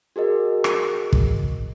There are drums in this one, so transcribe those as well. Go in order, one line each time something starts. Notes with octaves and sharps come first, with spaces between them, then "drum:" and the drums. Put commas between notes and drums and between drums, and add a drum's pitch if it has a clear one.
F#4 G#4 A#4 D#5
drum: rim click
drum: kick